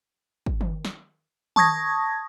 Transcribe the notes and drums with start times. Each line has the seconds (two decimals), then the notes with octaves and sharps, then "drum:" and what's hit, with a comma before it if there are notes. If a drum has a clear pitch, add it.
0.46 drum: kick
0.61 drum: tom D#3
0.85 drum: snare
1.56 A5 C#6 D#6 G#6 A#6, drum: tom D#3